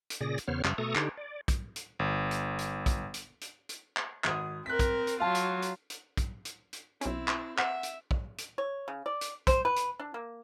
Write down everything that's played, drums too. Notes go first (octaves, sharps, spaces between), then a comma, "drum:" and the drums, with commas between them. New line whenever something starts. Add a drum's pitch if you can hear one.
drum: hi-hat
A#2 C#3 G#4 D5 A#6
drum: hi-hat
E2 C#3 B3 C5 C#5 F6
F#2 C#3 G3, drum: clap
B2 A3 A4 A#5 C#6 D#6
D3 D#4 G4, drum: clap
D5
drum: kick, hi-hat
drum: hi-hat
G1
drum: hi-hat
drum: hi-hat
drum: kick, hi-hat
drum: hi-hat
drum: hi-hat
drum: hi-hat
drum: clap
G#1 D#6, drum: clap
C4 A#4 F#6 B6
drum: kick, hi-hat
drum: hi-hat
F#3 F4 F5 A5
drum: hi-hat
drum: hi-hat
drum: hi-hat
drum: kick, hi-hat
drum: hi-hat
drum: hi-hat
B1 C4 C#4 E4, drum: hi-hat
drum: clap
C5 E5 F#5, drum: clap
drum: hi-hat
drum: kick
drum: hi-hat
C#5
C#3
D5
drum: hi-hat
C5, drum: kick, hi-hat
B4
drum: hi-hat
D4
A#3